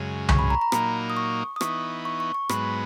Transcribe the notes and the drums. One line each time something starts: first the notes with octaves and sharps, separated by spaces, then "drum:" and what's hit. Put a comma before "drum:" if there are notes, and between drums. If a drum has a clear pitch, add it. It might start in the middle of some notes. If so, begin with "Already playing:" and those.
Already playing: F#2 C#3 G#3
C#6, drum: tom C2
B5
A#5
A#5
A#2 F#3 A#3 D#4 B5, drum: rim click
D#6
C#6
D#6
E3 B3 D#4 C#6, drum: rim click
C#6
C#6
C#6
G#2 F#3 B3 B5, drum: rim click